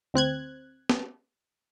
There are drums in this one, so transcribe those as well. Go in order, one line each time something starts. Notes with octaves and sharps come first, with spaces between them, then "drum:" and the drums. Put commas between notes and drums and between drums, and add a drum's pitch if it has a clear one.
D2 C4 F#6 G#6
drum: snare